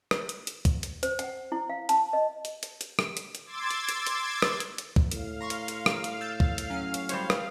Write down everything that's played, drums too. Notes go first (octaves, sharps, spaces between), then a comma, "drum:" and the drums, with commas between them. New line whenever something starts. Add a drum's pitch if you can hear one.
drum: rim click
drum: hi-hat
drum: hi-hat
drum: kick, hi-hat
drum: hi-hat
C5, drum: hi-hat
F#5, drum: hi-hat
E4
F5
A5, drum: hi-hat
D#5
drum: hi-hat
drum: hi-hat
drum: hi-hat
drum: rim click
drum: hi-hat
drum: hi-hat
C6 D6 E6 G#6 A6
drum: hi-hat
drum: hi-hat
drum: hi-hat
drum: rim click
drum: hi-hat
drum: hi-hat
drum: kick
A2 F5, drum: hi-hat
A#5 C6 C#6
drum: hi-hat
drum: hi-hat
drum: rim click
drum: hi-hat
E6 G6 A6
drum: kick
drum: hi-hat
F#3 C#4 F6
drum: hi-hat
G3 C5 C#5, drum: hi-hat
drum: rim click